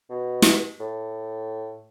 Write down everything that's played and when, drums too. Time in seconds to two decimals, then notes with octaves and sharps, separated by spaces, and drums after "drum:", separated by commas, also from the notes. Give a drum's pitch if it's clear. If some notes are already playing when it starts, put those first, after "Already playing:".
0.10 B2
0.42 drum: snare
0.80 A2